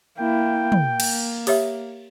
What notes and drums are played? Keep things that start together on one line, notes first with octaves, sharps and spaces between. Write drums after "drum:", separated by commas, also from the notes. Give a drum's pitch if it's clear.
A#3 E4 G5
drum: tom
A#3
drum: cymbal
G4 C#5 E5, drum: open hi-hat